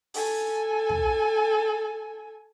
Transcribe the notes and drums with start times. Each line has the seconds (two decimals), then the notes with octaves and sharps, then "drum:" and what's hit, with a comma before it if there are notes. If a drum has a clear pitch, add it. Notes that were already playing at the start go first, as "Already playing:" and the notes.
0.14 A4 G#5, drum: open hi-hat
0.89 drum: tom